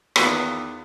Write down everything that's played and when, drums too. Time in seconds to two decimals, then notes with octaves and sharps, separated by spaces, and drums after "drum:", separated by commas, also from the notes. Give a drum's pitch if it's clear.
0.16 E2 D#3 B3 F4 E6 F#6, drum: rim click